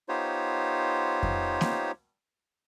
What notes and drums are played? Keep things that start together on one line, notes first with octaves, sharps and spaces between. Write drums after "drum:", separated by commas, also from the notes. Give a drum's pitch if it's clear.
B3 D#4 F4 G4 C5 C#5
drum: kick F2
drum: snare A#3